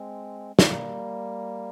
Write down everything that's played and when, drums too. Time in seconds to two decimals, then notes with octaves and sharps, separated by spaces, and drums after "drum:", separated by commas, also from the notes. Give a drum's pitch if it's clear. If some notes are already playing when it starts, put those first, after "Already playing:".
Already playing: G#3 C4
0.59 G3 A#3, drum: snare